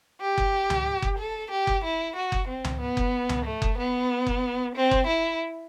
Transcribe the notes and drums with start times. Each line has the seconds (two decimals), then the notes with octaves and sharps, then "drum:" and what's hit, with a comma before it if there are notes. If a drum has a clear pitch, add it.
0.21 G4
0.38 drum: kick F#1
0.70 drum: tom C#2
1.02 drum: kick F#1
1.18 A4
1.51 G4
1.67 drum: kick F#1
1.84 E4
2.16 F#4
2.32 drum: kick F#1
2.48 C4
2.64 drum: tom C#2
2.80 B3
2.97 drum: kick F#1
3.29 drum: tom C#2
3.45 A3
3.62 drum: kick F#1
3.78 B3
4.26 drum: kick F#1
4.75 C4
4.91 drum: kick F#1
5.07 E4